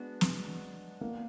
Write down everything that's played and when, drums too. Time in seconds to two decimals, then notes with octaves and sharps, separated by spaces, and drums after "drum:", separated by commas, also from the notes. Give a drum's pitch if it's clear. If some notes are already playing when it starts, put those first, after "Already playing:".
Already playing: G#3 B3 D4 F#4
0.21 drum: snare
1.01 A#3